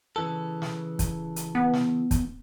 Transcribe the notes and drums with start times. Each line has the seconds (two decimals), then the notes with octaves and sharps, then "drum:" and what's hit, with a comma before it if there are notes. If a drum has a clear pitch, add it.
0.16 C#3 E3 A4
0.62 drum: snare
0.99 drum: kick, hi-hat
1.36 drum: hi-hat
1.55 B3
1.74 drum: snare
2.11 drum: kick, hi-hat